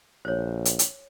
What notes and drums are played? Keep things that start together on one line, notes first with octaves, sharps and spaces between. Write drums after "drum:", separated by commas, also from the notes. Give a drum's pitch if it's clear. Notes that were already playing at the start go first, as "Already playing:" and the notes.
A#1 C5 C#5
drum: hi-hat
drum: hi-hat